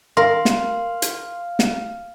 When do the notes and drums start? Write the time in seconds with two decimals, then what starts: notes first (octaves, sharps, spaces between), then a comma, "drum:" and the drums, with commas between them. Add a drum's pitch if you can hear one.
0.17 A#4 F5 C6
0.45 drum: snare
1.02 drum: hi-hat
1.59 drum: snare